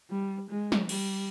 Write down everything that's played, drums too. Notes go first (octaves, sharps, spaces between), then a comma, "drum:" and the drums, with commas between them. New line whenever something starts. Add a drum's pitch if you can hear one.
G3
G#3
drum: snare
G3, drum: cymbal